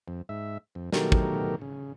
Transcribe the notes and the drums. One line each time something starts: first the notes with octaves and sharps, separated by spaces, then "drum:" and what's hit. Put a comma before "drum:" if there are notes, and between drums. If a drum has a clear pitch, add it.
F2
G#2 E5
F2
B2 D#3 F#3 A3 G4 A#4, drum: snare
drum: kick
C#3